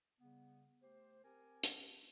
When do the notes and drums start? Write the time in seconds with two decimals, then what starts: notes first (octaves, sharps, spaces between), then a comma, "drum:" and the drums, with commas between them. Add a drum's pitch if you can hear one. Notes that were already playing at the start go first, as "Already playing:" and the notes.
0.20 C#3 G3 B3
0.82 A3 G4 C5
1.24 C4 G4 A#4 G#5
1.64 drum: hi-hat